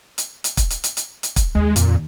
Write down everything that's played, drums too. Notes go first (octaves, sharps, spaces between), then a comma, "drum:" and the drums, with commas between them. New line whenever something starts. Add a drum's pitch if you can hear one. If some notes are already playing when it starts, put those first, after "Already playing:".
drum: hi-hat
drum: hi-hat
drum: kick, hi-hat
drum: hi-hat
drum: hi-hat
drum: hi-hat
drum: hi-hat
drum: kick, hi-hat
D#2 G#3
F2 A#2, drum: hi-hat